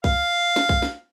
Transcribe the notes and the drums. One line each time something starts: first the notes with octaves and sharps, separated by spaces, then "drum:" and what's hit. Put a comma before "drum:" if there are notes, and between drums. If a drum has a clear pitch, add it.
F5, drum: kick B1
drum: snare
drum: kick B1
drum: snare